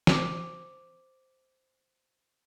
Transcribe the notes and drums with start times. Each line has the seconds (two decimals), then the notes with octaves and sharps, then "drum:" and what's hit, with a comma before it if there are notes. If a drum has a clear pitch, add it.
0.07 C5 D6, drum: snare